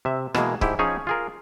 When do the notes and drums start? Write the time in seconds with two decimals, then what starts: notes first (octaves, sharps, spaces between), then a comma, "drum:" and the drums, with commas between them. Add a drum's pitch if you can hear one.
0.05 C3 E5
0.35 B2 E3 G#3 A#3, drum: rim click
0.61 G#2 E4 G4, drum: kick C#1
0.79 F3 C#4 D#4 G#4 C#5
1.07 F4 G#4 A#4